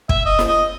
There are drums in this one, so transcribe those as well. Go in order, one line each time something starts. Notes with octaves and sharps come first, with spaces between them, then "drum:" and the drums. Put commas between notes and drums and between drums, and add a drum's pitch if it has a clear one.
E5, drum: kick
D#5
drum: snare
D#5